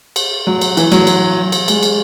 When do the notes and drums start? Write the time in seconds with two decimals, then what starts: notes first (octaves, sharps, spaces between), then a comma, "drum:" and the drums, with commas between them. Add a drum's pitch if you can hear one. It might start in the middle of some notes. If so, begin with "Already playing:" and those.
0.16 drum: cymbal
0.47 F#3
0.61 drum: cymbal
0.77 E3, drum: cymbal
0.92 F#3, drum: cymbal
1.07 drum: cymbal
1.52 drum: cymbal
1.68 G#3, drum: cymbal
1.83 drum: cymbal